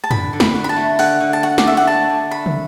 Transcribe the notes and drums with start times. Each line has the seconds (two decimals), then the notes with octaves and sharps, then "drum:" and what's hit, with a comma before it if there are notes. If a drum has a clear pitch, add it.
0.04 A5
0.11 D3 B5, drum: tom
0.33 D3
0.40 B5, drum: snare
0.55 F#4
0.64 B5
0.69 A5
0.76 A3
0.99 D3 F#5, drum: open hi-hat
1.20 D3
1.33 A5
1.43 F#4 F#5
1.58 D5, drum: snare
1.66 A3 E5
1.77 F#5
1.87 D4 A5
2.10 D3
2.31 A3 B5
2.46 drum: tom